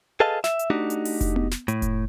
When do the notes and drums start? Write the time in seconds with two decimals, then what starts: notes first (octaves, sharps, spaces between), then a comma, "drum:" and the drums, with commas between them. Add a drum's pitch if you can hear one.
0.20 G#4 A4 B4 D#5 F5 A5
0.44 E5, drum: snare
0.59 drum: hi-hat
0.70 A3 D4 D#4 F#4 G4
0.90 drum: hi-hat
1.05 drum: open hi-hat
1.21 drum: kick F1, hi-hat
1.36 drum: tom B3
1.51 drum: snare
1.68 A2, drum: hi-hat
1.82 drum: kick F1, hi-hat